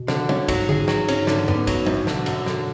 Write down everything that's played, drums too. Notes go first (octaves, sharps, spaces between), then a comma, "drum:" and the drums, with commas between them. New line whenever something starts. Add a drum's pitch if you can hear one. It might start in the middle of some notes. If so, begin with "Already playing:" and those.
Already playing: B2
D3, drum: snare
C#4, drum: tom
G#2 F#3, drum: kick, cymbal
G#4, drum: tom D3
F#3, drum: snare
C#4, drum: cymbal
G#2 D3, drum: snare
B3, drum: tom F#2
F#3, drum: kick, cymbal
F#2, drum: tom
B2 D3, drum: snare
F#2, drum: cymbal
D3, drum: snare